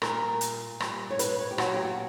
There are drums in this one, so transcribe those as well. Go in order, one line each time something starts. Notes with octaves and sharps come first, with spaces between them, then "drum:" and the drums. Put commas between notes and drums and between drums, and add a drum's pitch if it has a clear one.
A#2 G3 A#4, drum: rim click
drum: hi-hat
A#2 G3, drum: rim click
C#5
B4, drum: hi-hat
C#5
G4
A#2 F#3 F#4, drum: rim click
G4
F#4